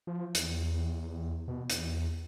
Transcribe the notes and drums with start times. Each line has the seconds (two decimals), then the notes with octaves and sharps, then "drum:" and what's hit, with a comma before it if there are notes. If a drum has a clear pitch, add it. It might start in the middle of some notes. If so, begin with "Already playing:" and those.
0.07 F3
0.35 E2, drum: hi-hat
1.48 B2
1.70 E2, drum: hi-hat